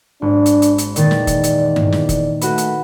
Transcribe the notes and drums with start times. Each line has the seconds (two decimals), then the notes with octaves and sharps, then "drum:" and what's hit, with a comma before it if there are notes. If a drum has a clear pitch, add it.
0.22 G#1 D4
0.46 drum: hi-hat
0.62 drum: hi-hat
0.78 drum: hi-hat
0.96 E2 A#2 D#3 D5 A6, drum: hi-hat
1.11 drum: snare
1.27 drum: kick F1, hi-hat
1.44 drum: hi-hat
1.76 drum: tom G2
1.92 drum: snare
2.09 drum: kick F1, hi-hat
2.41 A3 F#4 B4, drum: hi-hat
2.58 drum: hi-hat